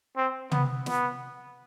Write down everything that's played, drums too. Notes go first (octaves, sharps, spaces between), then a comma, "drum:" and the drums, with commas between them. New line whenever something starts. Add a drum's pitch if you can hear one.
C4
B3, drum: tom
B3, drum: snare